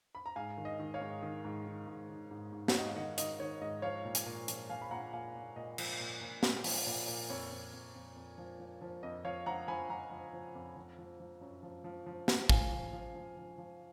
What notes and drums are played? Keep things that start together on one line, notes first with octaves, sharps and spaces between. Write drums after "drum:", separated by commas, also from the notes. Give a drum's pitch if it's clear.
B5
A#5
G#2 F5 G#5
D#3
D#5
D#3
C#5 F5
G#2
D#3
G#2
D#3
G#2
D#3
G#2
G#2
C#5, drum: snare
G#2 D#5
F5
D#3 D#5 F#5
D#3 D#5, drum: hi-hat
D#3 C#5
G#2 D#5
F3 C#5 F5
A#2
drum: hi-hat
A#2
F3, drum: hi-hat
F3 F5 G#5
B5
A#2 F#5 A#5
A#2 F5 G#5
A#2
A#2 D#5
F3, drum: cymbal
A#2
A#2
A#2, drum: snare
F3, drum: open hi-hat
A#2
A#2
F2 C#5
F2
F2
F2
F2
F3
F3
F3
F2 D#5
F3 C#5 F5
F3 F#5 A#5
F3 G#5 B5
F3 F#5 A#5
F3
F3
F2
F3
F3
F3
F#2
F3
F3
F3
F3, drum: snare
F3 F5 G#5, drum: kick
F3
F3
F3
F3
F3